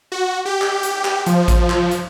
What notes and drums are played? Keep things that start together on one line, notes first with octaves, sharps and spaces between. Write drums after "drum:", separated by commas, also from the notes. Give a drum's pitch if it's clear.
F#4
G4
drum: clap
drum: hi-hat
drum: clap
F3, drum: hi-hat
drum: kick A1, hi-hat
drum: clap
drum: hi-hat